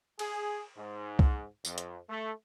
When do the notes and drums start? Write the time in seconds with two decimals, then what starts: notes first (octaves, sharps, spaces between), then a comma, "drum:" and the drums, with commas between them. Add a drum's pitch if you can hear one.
0.19 G#4, drum: cymbal
0.77 G#2
1.19 drum: kick
1.65 F2, drum: tambourine
1.78 drum: hi-hat
2.09 A3